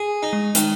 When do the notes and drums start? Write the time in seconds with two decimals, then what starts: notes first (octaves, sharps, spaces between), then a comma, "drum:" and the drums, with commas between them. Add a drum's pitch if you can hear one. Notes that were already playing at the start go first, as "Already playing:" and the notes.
Already playing: G#4
0.23 D#4
0.33 G#3
0.55 D#3 G#3, drum: hi-hat